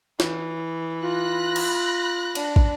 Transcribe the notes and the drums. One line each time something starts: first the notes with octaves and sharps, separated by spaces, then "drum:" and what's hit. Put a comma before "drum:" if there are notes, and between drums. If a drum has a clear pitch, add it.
E3, drum: snare
F4 B5 F#6 A#6
drum: cymbal
D4, drum: cymbal
drum: kick